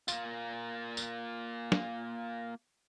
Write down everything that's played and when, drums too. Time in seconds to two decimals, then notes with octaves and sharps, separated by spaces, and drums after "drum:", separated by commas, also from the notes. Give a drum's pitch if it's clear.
0.08 A#3 F4, drum: tambourine
0.97 drum: tambourine
1.72 drum: snare